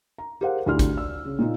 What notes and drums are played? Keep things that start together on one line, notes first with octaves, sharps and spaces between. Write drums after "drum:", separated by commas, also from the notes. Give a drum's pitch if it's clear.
A#5
G4 G#4 A#4 C5 F5 F#5
D2 E4 G4 D5 C6 F6
drum: kick G#1, hi-hat
D5 E6
C#3
A#2 D#4 F4